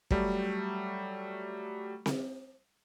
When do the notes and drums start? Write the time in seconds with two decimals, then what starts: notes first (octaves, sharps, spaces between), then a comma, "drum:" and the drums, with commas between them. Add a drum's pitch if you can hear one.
0.11 F#3 G3 A3, drum: kick
2.06 drum: snare C4